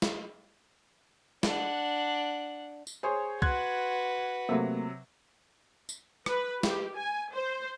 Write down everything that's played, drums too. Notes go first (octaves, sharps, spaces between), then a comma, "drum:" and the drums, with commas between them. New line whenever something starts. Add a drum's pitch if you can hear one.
drum: snare
D4 F#5, drum: snare
drum: tambourine
G#4 C5 C#5
F#4 B4 C6 F#6 G#6, drum: kick C2
C3 F#3 A3 A#3
drum: tambourine
B4, drum: rim click
G4, drum: snare
G#5
C5